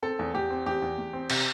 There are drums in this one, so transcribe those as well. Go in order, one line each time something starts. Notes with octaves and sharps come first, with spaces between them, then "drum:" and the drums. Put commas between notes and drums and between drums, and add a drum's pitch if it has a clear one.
C4 A4
E2
E2 G4
C4
E2 G4
E2
E2
C4
C3, drum: cymbal